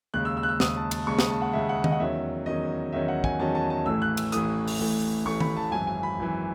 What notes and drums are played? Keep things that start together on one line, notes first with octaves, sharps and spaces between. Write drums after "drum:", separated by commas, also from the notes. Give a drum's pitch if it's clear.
D#2 C#3 G#3 F#6
E6
E6
F#6
E6
D#2 C#3 G#3 D#6, drum: snare
A5
A5, drum: cymbal
D#2 C#3 G#3 C#6
D#6, drum: snare
A5
F#5
D#2 C#3 G#3 E5
F#5
D#5, drum: tom D#3
F#5
E2 D#3 F#3 C#4 E5
E2 D#3 F#3 C#4 D#5
E2 D#3 F#3 C#4 E5
F#5
G#5, drum: kick
E2 D#3 F#3 C#4 A5
A5
A5
A1 A2 E3 A3 E6
F#6
E6, drum: cymbal
A1 A2 E3 A3 D#6, drum: hi-hat
drum: open hi-hat
A1 A2 E3 A3
A1 A2 E3 A3 C#6
B5, drum: tom D#3
A5
G#1 F#2 E3 G#5
G#5
B5
G#1 F#2 E3